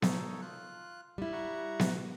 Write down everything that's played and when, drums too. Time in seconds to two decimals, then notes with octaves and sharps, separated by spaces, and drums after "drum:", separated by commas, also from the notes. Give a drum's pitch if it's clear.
0.02 D#4 A4 C#5, drum: snare B3
0.42 F4 F#6
1.18 G3 E4
1.33 F#5 A#5 C#6
1.80 drum: snare B3